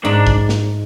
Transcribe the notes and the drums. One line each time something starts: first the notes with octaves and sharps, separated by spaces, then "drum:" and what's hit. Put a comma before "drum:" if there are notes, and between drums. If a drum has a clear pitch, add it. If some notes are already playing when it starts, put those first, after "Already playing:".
G#2 D4
drum: kick
drum: snare